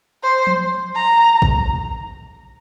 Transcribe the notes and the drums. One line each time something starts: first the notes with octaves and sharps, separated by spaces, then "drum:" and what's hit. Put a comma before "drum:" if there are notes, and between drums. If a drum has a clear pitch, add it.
C5
drum: tom F3
A#5
drum: kick